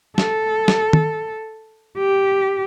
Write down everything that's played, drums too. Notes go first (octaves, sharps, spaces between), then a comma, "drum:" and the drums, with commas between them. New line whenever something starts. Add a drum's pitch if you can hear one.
A4, drum: snare
drum: snare
drum: tom
G4